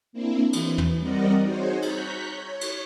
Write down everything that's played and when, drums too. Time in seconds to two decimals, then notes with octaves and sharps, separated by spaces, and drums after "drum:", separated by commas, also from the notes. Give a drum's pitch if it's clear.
0.13 A#3 C4 D4 E4
0.53 E3, drum: cymbal
0.78 drum: tom
0.99 G3 C4 A#4 D5 D#5 F#5
1.42 D#4 F#4 G#4 C5 C#5
1.82 A#5 C#6 F#6 G6 B6, drum: cymbal
2.30 C#5
2.61 drum: cymbal